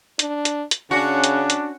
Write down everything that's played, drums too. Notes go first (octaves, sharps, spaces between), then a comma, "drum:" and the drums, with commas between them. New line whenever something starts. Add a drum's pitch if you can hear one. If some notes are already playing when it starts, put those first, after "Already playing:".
D4, drum: hi-hat
drum: hi-hat
drum: hi-hat
C#3 C#4 D4 F#4
drum: hi-hat
drum: hi-hat